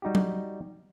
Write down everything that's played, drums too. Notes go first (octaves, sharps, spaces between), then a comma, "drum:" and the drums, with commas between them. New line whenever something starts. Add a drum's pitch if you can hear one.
G3 D#4 F#4 G4
drum: tom F#3